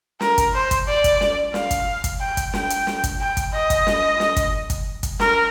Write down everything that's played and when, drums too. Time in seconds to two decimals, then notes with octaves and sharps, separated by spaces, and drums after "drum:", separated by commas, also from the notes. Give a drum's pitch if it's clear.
0.21 A#4, drum: snare
0.38 drum: kick, hi-hat
0.54 C5
0.71 drum: kick, hi-hat
0.87 D5
1.04 drum: kick, hi-hat
1.21 drum: snare
1.54 F5, drum: snare
1.71 drum: kick, hi-hat
2.04 drum: kick, hi-hat
2.20 G5
2.37 drum: kick, hi-hat
2.54 G5, drum: snare
2.70 drum: hi-hat
2.87 drum: snare
3.04 drum: kick, hi-hat
3.20 G5
3.37 drum: kick, hi-hat
3.53 D#5
3.70 drum: kick, hi-hat
3.87 drum: snare
4.20 drum: snare
4.36 drum: kick, hi-hat
4.70 drum: kick, hi-hat
5.03 drum: kick, hi-hat
5.20 A#4, drum: snare